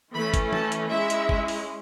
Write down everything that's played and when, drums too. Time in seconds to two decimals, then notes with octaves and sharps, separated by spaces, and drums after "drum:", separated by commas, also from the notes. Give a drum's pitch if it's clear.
0.14 E3 A3 C#4 B5
0.34 drum: kick G1, hi-hat
0.53 A5, drum: tom E3
0.72 drum: hi-hat
0.91 G#3 C#4 E4 E5
1.10 drum: hi-hat
1.29 drum: kick G1
1.48 drum: open hi-hat